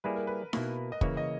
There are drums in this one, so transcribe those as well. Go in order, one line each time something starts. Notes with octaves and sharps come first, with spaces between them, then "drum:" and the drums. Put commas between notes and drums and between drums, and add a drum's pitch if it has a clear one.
G3 A#3 E4 G#4 B4
A#4
B4
B2 A#3 E4, drum: snare D#4
D#5
C#3 E3 A#3 C#5, drum: kick
D#5